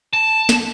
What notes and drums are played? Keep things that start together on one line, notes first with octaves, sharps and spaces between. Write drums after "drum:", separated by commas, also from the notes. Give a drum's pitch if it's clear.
A5
drum: snare